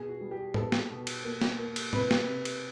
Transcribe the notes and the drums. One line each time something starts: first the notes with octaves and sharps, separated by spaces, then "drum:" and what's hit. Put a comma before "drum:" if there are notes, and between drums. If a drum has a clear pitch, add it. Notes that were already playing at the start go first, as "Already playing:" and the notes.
Already playing: B2 G#4
F#4
G3
G4
B3 A4, drum: tom A2
drum: snare
B2
drum: cymbal
A#3
drum: snare
A#3
drum: cymbal
C3 B4, drum: tom A2
drum: snare
C3
drum: cymbal